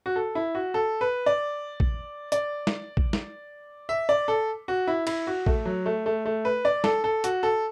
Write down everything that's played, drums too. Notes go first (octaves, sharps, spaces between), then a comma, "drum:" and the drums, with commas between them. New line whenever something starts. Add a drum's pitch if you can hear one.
F#4
A4
E4
F#4
A4
B4
D5
drum: kick
D5, drum: hi-hat
drum: snare
drum: kick
drum: snare
E5
D5
A4
F#4
E4
E4, drum: cymbal
F#4
A3, drum: kick
F#3
A3
A3
A3
B4
D5
A4, drum: snare
A4
F#4, drum: hi-hat
A4